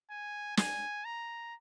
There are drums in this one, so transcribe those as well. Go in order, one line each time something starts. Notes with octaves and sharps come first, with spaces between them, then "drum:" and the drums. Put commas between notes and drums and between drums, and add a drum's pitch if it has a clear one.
G#5
G#5, drum: snare
A#5